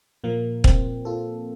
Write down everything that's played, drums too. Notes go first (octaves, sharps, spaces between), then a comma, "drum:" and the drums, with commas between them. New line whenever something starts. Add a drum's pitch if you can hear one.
A#2 F3 A#3
C4, drum: kick
F4 A4